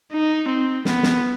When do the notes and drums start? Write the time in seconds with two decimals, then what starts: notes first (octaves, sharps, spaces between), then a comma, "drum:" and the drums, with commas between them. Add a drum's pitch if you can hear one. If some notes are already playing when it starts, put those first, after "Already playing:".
0.12 D#4
0.48 C4
0.85 B3, drum: snare
1.03 drum: snare